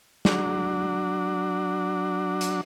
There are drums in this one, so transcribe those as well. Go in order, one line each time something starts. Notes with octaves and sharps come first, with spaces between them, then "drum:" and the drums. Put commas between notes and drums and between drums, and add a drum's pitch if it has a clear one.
F#3 D4, drum: snare
drum: hi-hat